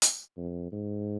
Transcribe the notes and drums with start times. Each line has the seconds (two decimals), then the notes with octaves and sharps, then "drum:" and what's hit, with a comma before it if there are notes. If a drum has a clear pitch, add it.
0.02 drum: hi-hat
0.37 F2
0.72 G#2